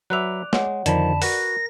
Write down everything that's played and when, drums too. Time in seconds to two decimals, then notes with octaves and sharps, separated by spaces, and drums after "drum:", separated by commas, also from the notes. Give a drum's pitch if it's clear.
0.10 F#3 B4 D5 E5 D6 F#6 F7
0.53 G#3 C#5 F#5, drum: snare
0.86 F2 D3 D#3 F3 D5 A5 B5, drum: hi-hat
1.22 F#4 A#4 B4 F#5 A#6, drum: open hi-hat